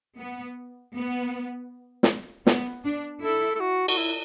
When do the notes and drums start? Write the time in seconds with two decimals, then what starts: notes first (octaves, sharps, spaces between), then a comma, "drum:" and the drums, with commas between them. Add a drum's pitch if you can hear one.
0.19 B3
0.95 B3
2.03 drum: snare
2.47 B3, drum: snare
2.84 D4
3.22 E4 A4
3.55 A4
3.60 F#4
3.88 F#4, drum: cymbal
3.97 E4